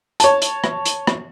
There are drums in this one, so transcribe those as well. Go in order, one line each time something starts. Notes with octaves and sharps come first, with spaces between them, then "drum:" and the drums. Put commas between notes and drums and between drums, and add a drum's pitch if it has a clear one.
C#5 A5, drum: hi-hat
drum: hi-hat
drum: rim click
drum: hi-hat
drum: rim click